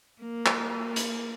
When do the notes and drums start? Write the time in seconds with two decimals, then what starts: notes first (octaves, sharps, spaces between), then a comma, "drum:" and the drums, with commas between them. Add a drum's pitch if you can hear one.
0.21 A#3
0.46 drum: clap
0.96 drum: hi-hat